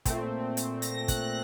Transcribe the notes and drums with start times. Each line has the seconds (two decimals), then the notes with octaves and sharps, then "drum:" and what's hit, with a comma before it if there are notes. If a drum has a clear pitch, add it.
0.05 A#2 A3 C4, drum: kick, hi-hat
0.57 drum: hi-hat
0.82 A#6, drum: hi-hat
1.08 F#6, drum: kick, hi-hat